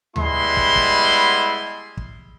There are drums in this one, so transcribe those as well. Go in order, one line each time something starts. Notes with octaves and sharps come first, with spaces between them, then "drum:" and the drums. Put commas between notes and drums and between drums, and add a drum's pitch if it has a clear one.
G3 G#3 B3 E4 C6, drum: tom D2
drum: kick
drum: kick
drum: kick